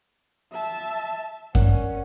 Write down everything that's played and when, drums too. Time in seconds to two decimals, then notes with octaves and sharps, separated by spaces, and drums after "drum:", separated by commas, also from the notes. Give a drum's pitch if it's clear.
0.53 E5 A5
1.55 C#4 A#4 D5 F#5, drum: kick F#2